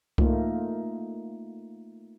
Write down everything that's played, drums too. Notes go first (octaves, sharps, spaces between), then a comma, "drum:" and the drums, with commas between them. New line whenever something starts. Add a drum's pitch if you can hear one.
A3 A#3 D#4 F4, drum: kick C2